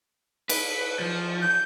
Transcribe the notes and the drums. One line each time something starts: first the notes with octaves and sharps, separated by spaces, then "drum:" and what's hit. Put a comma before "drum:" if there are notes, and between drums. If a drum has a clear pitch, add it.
B4, drum: cymbal
F3
G6